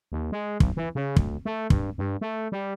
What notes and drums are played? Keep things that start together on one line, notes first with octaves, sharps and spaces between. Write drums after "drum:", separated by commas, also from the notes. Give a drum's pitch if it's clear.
D#2
G#3
B1, drum: kick
E3
C#3
D2, drum: kick
A3
G2, drum: kick
G2
A3
G3